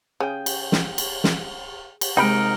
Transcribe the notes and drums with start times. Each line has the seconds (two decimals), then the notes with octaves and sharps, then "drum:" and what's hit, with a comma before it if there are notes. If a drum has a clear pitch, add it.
0.20 C#3 G#4 G5
0.46 drum: cymbal
0.72 drum: snare
0.98 drum: cymbal
1.24 drum: snare
2.01 drum: cymbal
2.17 C3 G#3 D#4 A#4 G5 B5